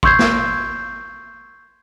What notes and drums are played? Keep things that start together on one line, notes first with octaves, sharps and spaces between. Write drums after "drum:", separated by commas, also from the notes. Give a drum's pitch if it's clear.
C6 C#6 E6 G6 G#6 C7, drum: kick A1
drum: snare